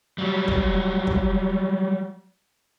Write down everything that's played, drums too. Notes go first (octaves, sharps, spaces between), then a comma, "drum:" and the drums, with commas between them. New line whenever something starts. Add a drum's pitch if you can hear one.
F#3 G3
drum: kick
drum: kick